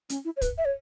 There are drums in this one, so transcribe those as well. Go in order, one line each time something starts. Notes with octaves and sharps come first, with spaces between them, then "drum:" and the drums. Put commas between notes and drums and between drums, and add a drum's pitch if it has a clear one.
C#4, drum: hi-hat
E4
C#5
B4, drum: kick, hi-hat
E5
C#5